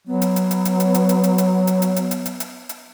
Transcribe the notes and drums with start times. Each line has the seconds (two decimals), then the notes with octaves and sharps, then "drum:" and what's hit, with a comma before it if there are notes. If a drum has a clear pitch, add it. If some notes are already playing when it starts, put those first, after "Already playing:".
0.07 F#3 B3
0.22 drum: hi-hat
0.36 drum: hi-hat
0.51 drum: hi-hat
0.65 drum: hi-hat
0.80 drum: hi-hat
0.94 drum: hi-hat
1.09 drum: hi-hat
1.24 drum: hi-hat
1.38 drum: hi-hat
1.67 drum: hi-hat
1.82 drum: hi-hat
1.96 drum: hi-hat
2.11 drum: hi-hat
2.26 drum: hi-hat
2.40 drum: hi-hat
2.69 drum: hi-hat